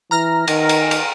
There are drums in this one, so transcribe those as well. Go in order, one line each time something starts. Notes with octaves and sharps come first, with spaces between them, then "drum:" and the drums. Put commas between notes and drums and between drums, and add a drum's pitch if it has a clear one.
E3 A#5 F6 A#6
D#3, drum: cymbal
drum: cymbal
drum: cymbal